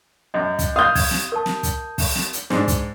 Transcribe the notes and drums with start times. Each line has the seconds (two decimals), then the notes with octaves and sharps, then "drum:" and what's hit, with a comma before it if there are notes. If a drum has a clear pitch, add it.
0.34 F#2 D#5
0.59 drum: kick, hi-hat
0.76 F5 D#6 G6
0.95 G#6, drum: kick, open hi-hat
1.11 drum: snare
1.32 A#4 A5
1.46 drum: snare
1.63 drum: kick, hi-hat
1.98 drum: kick, open hi-hat
2.15 drum: snare
2.33 drum: hi-hat
2.50 G#2 D4, drum: snare
2.68 drum: kick, hi-hat